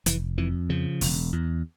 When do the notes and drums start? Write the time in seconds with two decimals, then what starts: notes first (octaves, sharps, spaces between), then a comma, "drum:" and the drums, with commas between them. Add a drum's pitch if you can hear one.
0.06 F1 E3, drum: hi-hat
0.38 F2 E3
0.69 C#3 F3
1.01 E1, drum: open hi-hat
1.33 E2